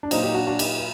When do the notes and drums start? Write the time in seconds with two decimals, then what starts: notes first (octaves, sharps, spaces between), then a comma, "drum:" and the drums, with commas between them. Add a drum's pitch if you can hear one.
0.03 D4
0.11 A#2 F#3 C4 D#4, drum: cymbal
0.23 D#4 G4
0.34 D4 F#4
0.47 D4 F#4
0.59 D#4 G4, drum: cymbal